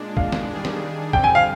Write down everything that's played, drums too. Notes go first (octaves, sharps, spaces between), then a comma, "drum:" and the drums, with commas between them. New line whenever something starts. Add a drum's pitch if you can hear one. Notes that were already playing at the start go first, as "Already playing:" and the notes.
Already playing: A#2 G#3 D4
F5, drum: kick
drum: snare
D#3 G3 D4 G#4
drum: snare
F2 D3 G3 C4 G5, drum: kick
G#5
F5